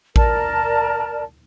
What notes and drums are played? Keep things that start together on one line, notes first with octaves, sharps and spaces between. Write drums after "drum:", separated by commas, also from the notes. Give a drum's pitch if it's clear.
A#4 D5 A5, drum: kick A1